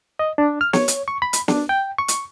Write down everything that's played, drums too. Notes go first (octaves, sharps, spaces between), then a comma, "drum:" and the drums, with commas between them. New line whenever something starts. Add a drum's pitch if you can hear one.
D#5
D4
F6
C#5, drum: snare
drum: hi-hat
C#6
B5
drum: hi-hat
D4, drum: snare
G5
C#6
drum: hi-hat